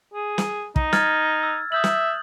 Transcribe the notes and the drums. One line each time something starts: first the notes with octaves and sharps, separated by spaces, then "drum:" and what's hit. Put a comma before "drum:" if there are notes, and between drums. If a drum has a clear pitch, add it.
G#4
drum: snare
D#4, drum: kick
F6 G#6 A6, drum: snare
E6
E5 D#6 G6 F#7
drum: snare